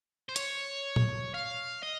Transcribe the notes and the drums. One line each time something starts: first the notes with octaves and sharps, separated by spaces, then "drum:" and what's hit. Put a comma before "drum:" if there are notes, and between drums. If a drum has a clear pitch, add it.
C5
C#5, drum: hi-hat
drum: tom A#2
F5
D#5